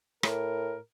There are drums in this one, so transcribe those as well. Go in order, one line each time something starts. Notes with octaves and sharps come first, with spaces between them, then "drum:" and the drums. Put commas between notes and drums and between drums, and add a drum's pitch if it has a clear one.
A2 A#4, drum: rim click